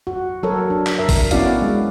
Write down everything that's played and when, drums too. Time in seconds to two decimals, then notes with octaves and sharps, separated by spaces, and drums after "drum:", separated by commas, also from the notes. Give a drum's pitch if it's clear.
0.07 F#4
0.43 F#3 A4 A#4 C#5
0.70 D4
0.86 drum: clap
0.98 A#4 E5
1.09 drum: kick G#1, open hi-hat
1.31 B3 C#4 E4 F#4 D5 F5, drum: hi-hat
1.62 G#3